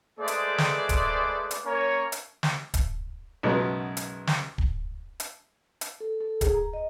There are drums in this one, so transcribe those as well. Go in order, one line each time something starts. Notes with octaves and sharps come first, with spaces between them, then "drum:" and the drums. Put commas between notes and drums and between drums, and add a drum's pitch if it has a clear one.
G#3 A3 G#4 B4 C5 D5
drum: hi-hat
drum: snare
drum: kick D1, hi-hat
drum: hi-hat
A#3 C#4 A#4 C#5
drum: hi-hat
drum: snare
drum: kick D1, hi-hat
B1 F#2 C#3 G#3 A3 B3
drum: hi-hat
drum: snare
drum: kick D1
drum: hi-hat
drum: hi-hat
A4
A4
G#4, drum: kick D1, hi-hat
A#5
D#5